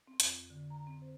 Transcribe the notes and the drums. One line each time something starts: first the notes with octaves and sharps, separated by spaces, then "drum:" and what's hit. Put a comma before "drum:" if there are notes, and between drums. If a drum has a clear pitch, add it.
C4
F2, drum: hi-hat
D3
A#5
C4
C5